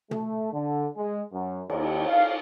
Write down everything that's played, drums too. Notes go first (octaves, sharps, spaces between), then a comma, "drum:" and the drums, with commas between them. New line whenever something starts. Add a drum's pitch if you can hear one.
A3, drum: tom
D3
G#3
F#2
D#2, drum: cymbal
F5